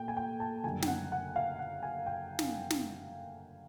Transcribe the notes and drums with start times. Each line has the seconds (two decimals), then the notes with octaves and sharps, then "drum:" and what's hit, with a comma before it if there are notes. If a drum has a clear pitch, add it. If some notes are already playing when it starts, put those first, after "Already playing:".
Already playing: A#2 A3 G5
0.08 G#5
0.17 G5
0.40 A5
0.64 F#1 F#2 D3 G3 G#5
0.82 G5, drum: snare
0.87 F#5
1.12 F#5
1.36 F5
1.59 F#5
1.83 G#5
2.06 G5
2.39 drum: snare
2.70 drum: snare